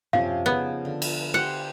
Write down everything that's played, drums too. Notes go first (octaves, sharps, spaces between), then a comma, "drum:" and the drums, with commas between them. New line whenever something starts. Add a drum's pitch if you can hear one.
C3 F3 C#4 F5, drum: tom F#2
C#3 F3 B3 D#4
D3
drum: cymbal
G4 C5 F#5 C6